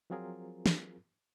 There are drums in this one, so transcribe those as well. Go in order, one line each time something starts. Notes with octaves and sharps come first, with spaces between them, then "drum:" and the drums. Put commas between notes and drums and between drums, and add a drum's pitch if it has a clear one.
F3 F#3 C4 F4 G#4 A#4
drum: snare